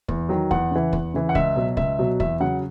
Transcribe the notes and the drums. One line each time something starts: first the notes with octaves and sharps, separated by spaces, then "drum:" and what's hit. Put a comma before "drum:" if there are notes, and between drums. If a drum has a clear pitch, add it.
E2, drum: kick
D#3 F#3
E2 F#5, drum: kick
C#3 E3
E2, drum: kick
C#3 E3
F#5
C#2 E5, drum: kick
B2 F#3
C#2 E5, drum: kick
B2 F#3
E2 E5, drum: kick
C#3 F#3 F#5